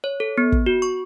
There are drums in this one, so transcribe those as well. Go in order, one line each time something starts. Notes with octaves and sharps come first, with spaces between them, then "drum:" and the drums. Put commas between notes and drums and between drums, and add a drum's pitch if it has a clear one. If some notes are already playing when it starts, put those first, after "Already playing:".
C#5
A4
B3
drum: kick
F#4
C#6